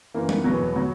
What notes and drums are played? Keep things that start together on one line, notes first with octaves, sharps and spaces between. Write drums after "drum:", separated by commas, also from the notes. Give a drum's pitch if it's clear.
F#2 E3 A#3
B3, drum: tom
E2 B2 F#3 B3
F#3